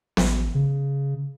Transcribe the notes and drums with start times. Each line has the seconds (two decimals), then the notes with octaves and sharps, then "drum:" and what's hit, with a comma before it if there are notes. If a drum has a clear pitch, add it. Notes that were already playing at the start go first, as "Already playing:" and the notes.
0.17 A1, drum: snare B3
0.55 C#3